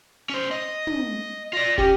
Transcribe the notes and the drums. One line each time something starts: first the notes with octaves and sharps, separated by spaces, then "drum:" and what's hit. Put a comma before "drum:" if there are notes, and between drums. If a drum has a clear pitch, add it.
C#4 C5
D#5
drum: tom
F4 D5 A#6
C#4 G4, drum: kick